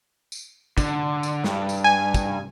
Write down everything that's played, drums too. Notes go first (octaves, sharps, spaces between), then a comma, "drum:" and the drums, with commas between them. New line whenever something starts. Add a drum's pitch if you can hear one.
drum: tambourine
D3, drum: kick, tambourine
drum: tambourine
G2, drum: snare
drum: tambourine
G#5
drum: kick, tambourine